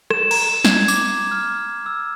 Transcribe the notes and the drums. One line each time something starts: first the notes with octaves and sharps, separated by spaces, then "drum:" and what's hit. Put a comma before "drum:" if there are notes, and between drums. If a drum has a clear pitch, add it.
E7, drum: rim click
A#5, drum: cymbal
G#6, drum: snare
D6, drum: tambourine
F6
E6